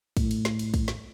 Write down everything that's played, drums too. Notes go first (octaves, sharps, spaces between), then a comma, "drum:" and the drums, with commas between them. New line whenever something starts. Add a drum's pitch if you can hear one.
A2, drum: kick, cymbal
drum: cymbal
drum: snare
drum: cymbal
drum: kick, cymbal
drum: snare